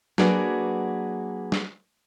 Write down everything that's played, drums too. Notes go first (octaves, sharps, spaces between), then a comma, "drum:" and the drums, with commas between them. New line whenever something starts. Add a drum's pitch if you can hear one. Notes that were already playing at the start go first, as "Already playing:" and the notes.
F#3 A#3 D4 F#4 G#4 B4, drum: snare
drum: snare